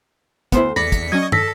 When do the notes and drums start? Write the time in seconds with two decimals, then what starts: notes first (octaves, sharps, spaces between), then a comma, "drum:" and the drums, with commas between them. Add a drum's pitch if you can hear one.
0.52 D2 B3 E4 C5, drum: kick, hi-hat
0.76 E2 D5 B5 A#6 B6 C#7
0.92 drum: kick, hi-hat
1.12 F#3 C#4 D#5 C#6 D#6 G#6
1.32 A4 E6 A#6 B6, drum: tom